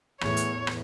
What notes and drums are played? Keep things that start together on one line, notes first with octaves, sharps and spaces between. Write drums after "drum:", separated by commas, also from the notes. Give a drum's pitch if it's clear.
E2 A2 C#5, drum: rim click
drum: hi-hat
drum: rim click